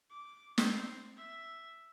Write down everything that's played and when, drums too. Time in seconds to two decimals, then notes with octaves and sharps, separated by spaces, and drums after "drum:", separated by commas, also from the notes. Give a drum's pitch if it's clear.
0.10 D6
0.58 C4, drum: snare
1.16 E5